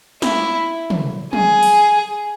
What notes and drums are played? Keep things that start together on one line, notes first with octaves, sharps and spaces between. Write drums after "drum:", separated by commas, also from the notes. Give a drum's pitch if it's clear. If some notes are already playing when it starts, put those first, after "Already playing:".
E4, drum: snare
drum: tom
G#4, drum: tom
drum: open hi-hat